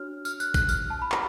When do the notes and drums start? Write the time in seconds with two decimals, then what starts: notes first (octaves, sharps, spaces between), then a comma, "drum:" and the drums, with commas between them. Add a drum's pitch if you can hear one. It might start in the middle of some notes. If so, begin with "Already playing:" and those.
Already playing: D4 F#4 C#5 F6
0.25 F6, drum: tambourine
0.40 F#6, drum: tambourine
0.54 F#6, drum: kick, tambourine
0.69 F6, drum: tambourine
0.90 A5
1.02 B5
1.12 drum: clap